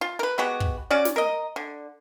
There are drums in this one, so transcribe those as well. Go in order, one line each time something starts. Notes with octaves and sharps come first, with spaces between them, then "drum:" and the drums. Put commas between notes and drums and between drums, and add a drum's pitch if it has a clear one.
F4
A#4 B4
G#3 B3 F#4 G4
drum: kick
C#4 F#4 D5
drum: snare
A#4 D#5
D3